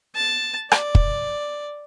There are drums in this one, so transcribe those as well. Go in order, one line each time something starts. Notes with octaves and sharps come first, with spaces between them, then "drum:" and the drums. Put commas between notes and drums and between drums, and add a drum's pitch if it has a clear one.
A5
D5, drum: rim click
drum: kick